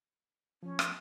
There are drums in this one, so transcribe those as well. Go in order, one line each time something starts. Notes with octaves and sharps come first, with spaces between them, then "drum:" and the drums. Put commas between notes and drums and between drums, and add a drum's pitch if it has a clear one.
F3 C#4
drum: rim click